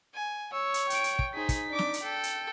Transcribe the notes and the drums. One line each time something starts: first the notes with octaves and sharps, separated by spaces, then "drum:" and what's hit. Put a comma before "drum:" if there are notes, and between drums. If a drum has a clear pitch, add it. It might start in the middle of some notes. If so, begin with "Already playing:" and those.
G#5
C#5 E6
drum: hi-hat
G5 D7, drum: hi-hat
drum: hi-hat
drum: kick
D#4 G#4 C5 B6
drum: kick, hi-hat
D4 D6
drum: snare
drum: hi-hat
A4 G5
drum: hi-hat